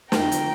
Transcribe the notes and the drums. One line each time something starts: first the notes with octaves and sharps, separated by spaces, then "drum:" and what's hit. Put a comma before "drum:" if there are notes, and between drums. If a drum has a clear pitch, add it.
F2 D3 F3 G5 A#5, drum: snare
drum: hi-hat